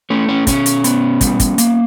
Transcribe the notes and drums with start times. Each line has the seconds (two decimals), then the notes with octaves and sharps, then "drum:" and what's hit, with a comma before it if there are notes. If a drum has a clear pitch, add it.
0.10 A3 C#4
0.29 C#4
0.47 B2 C#4, drum: kick, hi-hat
0.66 drum: hi-hat
0.84 B3, drum: hi-hat
1.21 G3, drum: kick, hi-hat
1.40 drum: kick, hi-hat
1.58 A#3, drum: hi-hat